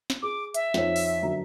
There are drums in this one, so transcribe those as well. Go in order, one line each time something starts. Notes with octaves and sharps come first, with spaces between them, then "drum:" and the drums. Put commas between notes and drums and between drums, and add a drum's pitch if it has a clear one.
drum: snare
G#4 D6
E5, drum: hi-hat
F2 D#4 C#5, drum: snare
drum: open hi-hat
F#2 D3 A#5